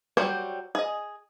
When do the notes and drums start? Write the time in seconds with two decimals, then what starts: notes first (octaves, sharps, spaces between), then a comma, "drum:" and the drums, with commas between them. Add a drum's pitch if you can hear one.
0.17 F#3 G3 F#4 C5 G5, drum: rim click
0.75 G#4 D#5